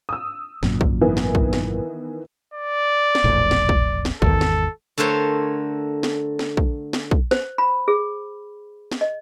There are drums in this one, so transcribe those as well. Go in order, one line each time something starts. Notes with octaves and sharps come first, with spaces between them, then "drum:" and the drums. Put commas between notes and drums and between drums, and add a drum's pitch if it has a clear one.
D#6 E6
G#1 F#2 A#2, drum: snare
drum: kick
D#3 E3 B3
drum: snare
drum: kick
drum: snare
D5
drum: snare
E1 A#1 A2
drum: snare
drum: kick
drum: snare
G#1 E2 D#3 A4, drum: kick
drum: snare
D3 A3 A#4 C5 C#5
drum: snare
drum: snare
drum: kick
drum: snare
drum: kick
C5, drum: snare
B5
G#4
drum: snare
D#5